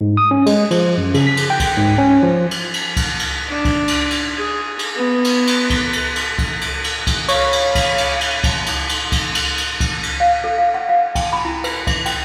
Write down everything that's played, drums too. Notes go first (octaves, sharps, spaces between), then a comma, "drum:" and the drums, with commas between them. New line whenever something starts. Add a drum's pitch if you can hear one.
G#2
D#6
C#4
G#3, drum: cymbal
F3, drum: cymbal
F#2
C#3, drum: cymbal
B6
drum: cymbal
G5
drum: kick C#2, cymbal
G#2
C#4
F3
drum: cymbal
drum: cymbal
drum: kick C#2, cymbal
drum: cymbal
D4
drum: kick C#2, cymbal
drum: cymbal
drum: cymbal
G#4
drum: cymbal
B3
drum: cymbal
drum: cymbal
drum: kick C#2, cymbal
drum: cymbal
drum: cymbal
drum: kick C#2, cymbal
drum: cymbal
drum: cymbal
drum: kick C#2, cymbal
C#5 F5 B5, drum: cymbal
drum: cymbal
drum: kick C#2, cymbal
drum: cymbal
drum: cymbal
drum: kick C#2, cymbal
drum: cymbal
drum: cymbal
drum: kick C#2, cymbal
drum: cymbal
drum: cymbal
drum: kick C#2, cymbal
drum: cymbal
F5
A4
F5
F#5
F5
G5, drum: kick C#2, cymbal
B5
E4
B4, drum: cymbal
E5, drum: kick C#2, cymbal
G5, drum: cymbal